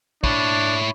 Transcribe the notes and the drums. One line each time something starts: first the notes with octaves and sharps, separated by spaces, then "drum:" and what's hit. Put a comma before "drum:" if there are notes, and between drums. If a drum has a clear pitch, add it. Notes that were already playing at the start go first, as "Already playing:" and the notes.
D4 E4 C#5, drum: kick